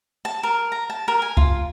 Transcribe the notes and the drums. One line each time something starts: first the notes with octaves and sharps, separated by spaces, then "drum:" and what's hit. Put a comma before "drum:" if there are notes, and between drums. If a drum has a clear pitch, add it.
A5
A#4
A#5
A5
A#4
G#5
F4, drum: kick C#2